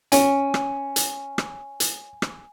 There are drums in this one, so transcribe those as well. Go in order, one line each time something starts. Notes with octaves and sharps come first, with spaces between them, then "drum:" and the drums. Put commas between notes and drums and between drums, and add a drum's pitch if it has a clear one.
C#4 G#5, drum: hi-hat
drum: rim click
drum: hi-hat
drum: rim click
drum: hi-hat
drum: rim click